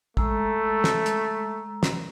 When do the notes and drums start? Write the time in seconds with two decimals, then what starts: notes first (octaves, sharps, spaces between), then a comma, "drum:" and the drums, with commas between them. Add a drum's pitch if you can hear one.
0.17 G#3 A3 A#5 E6, drum: kick
0.84 drum: snare
1.06 drum: hi-hat
1.83 drum: snare